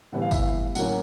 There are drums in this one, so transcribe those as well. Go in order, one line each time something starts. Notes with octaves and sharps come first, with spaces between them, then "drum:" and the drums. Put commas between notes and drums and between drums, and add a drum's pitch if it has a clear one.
A2 E3 G3 B3 F#5
F5
E5, drum: kick F#1, tambourine
F5
A2 F#3 A#3 C#4 F#5, drum: tambourine